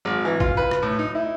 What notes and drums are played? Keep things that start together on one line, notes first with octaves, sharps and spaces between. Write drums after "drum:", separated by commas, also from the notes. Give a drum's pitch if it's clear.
G#1
E3
F4, drum: kick
B4
drum: rim click
A2
D#4
E4